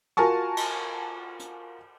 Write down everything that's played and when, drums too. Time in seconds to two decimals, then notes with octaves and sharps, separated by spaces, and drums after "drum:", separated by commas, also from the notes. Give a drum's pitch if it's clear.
0.17 F4 F#4 A#4 G#5 A5 C#6
0.57 drum: cymbal
1.39 drum: hi-hat